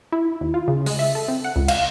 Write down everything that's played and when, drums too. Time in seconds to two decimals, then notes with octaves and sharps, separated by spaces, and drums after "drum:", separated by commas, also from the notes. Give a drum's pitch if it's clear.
0.12 E4
0.41 D#2
0.54 F4
0.68 C#3
0.86 G#3, drum: open hi-hat
0.99 E5
1.15 A4
1.28 C4
1.44 F#5
1.56 C#2
1.68 F5, drum: cymbal